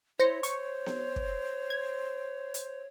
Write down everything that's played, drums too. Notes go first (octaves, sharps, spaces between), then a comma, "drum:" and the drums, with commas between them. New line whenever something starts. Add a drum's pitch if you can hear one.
E4 C5 C#5 A#6 C#7
C5 C#6, drum: hi-hat
drum: snare B3
drum: kick
G#6
drum: hi-hat